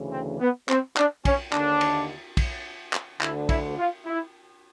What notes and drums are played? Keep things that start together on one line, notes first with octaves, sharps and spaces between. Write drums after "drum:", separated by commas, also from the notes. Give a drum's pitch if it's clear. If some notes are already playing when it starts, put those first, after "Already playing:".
Already playing: D2 C#3 E3
C4
B3
C4, drum: clap
D4, drum: clap
C#4, drum: kick, cymbal
D#2 D3 D4, drum: clap
drum: cymbal
drum: kick, cymbal
drum: clap
D2 D3 E4, drum: clap
E4, drum: kick, cymbal
F4
E4